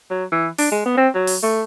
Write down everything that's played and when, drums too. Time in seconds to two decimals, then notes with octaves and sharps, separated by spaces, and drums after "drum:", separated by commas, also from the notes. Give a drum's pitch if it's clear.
0.10 F#3
0.32 E3
0.58 D4, drum: open hi-hat
0.72 G#3
0.86 B3
0.97 C4
1.15 F#3
1.27 drum: open hi-hat
1.43 A3